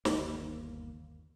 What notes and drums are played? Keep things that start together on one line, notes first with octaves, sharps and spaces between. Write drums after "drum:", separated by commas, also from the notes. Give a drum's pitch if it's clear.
G1 D#2 A#3, drum: snare